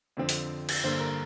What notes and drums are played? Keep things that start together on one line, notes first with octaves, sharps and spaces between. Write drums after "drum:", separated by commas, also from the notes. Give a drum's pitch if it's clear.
F2 D3 F3 C4
drum: open hi-hat
drum: cymbal
G2 D3 A#3 C5
A#4